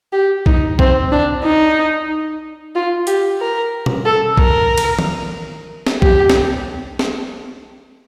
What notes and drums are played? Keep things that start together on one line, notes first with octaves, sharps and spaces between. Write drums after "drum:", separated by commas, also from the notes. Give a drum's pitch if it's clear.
G4
D#4, drum: kick B1
C4, drum: kick B1
D4
D#4
F4
G4, drum: hi-hat
A#4
drum: tom
A4
A#4, drum: kick B1
drum: cymbal
drum: tom D#3
drum: snare
G4, drum: kick B1
drum: snare
drum: snare